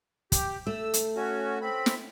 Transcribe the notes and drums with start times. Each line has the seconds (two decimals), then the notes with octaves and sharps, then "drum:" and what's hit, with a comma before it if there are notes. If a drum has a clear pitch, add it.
0.32 G4, drum: kick, hi-hat
0.67 A3 E6
0.94 drum: hi-hat
1.16 C#4 F#4
1.61 C4 B5
1.86 drum: snare